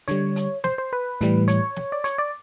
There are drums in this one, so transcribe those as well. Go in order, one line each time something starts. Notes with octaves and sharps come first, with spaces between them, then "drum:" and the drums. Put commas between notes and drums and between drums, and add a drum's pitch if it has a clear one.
D3 G3 C#5, drum: hi-hat
drum: hi-hat
C5, drum: snare
C5
B4
A2 E3 G3, drum: hi-hat
C#5, drum: hi-hat
drum: snare
D5
C#5, drum: hi-hat
D5